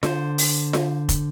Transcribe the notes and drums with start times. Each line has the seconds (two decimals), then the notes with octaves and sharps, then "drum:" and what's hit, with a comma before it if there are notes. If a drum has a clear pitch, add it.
0.03 D3 C5, drum: snare F4
0.38 drum: open hi-hat
0.73 drum: snare F4
1.09 drum: kick, hi-hat